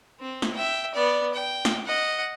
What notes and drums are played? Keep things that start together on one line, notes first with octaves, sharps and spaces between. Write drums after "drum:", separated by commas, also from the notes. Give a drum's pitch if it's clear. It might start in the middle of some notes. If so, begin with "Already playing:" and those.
C4
drum: snare
E5 G5
B3 D5
G5
drum: snare
D#5 F#5